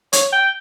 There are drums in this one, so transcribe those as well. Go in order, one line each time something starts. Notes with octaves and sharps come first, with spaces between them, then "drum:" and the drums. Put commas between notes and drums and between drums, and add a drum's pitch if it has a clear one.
C#5, drum: hi-hat
G5